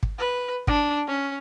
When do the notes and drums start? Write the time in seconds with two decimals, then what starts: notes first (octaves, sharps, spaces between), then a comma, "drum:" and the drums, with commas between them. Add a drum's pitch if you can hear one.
0.03 drum: kick
0.18 B4
0.67 D4, drum: kick
1.08 C#4